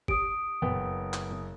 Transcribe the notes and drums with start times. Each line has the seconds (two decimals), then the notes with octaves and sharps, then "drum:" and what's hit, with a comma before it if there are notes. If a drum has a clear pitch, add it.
0.08 G4 D#6 D7, drum: kick
0.62 F#1 B3 G5
1.13 drum: clap